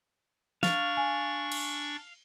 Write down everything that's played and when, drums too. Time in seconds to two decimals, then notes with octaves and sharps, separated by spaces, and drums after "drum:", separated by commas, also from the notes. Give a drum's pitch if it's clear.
0.63 D4 F5 C#6 A6, drum: snare
0.97 G#5
1.52 drum: cymbal